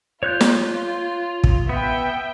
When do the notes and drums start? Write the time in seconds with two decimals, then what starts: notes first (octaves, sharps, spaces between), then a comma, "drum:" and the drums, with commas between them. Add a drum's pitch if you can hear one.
0.23 F4 C#5 F#6 G6
0.41 drum: snare
1.44 drum: kick
1.69 B3 E5 G5